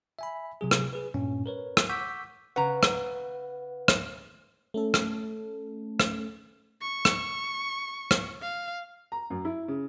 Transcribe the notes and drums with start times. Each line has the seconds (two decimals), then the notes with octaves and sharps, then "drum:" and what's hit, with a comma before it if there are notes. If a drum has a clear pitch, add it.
0.19 E5 G#5 B5
0.61 C3 F#3 G#4
0.71 drum: rim click
0.93 G#4 B4
1.14 G2 A#2 C#4
1.46 A#4 B4 C#5
1.77 drum: rim click
1.89 F#5 C#6 D6 E6 G6 B6
2.56 C#3 B4 F#5 A#5
2.83 drum: rim click
3.88 drum: rim click
4.74 A3 C#4 A4
4.94 drum: rim click
6.00 drum: rim click
6.82 C#6
7.05 drum: rim click
8.11 drum: rim click
8.42 F5
9.12 A#5
9.30 F#2
9.45 E4
9.68 C#3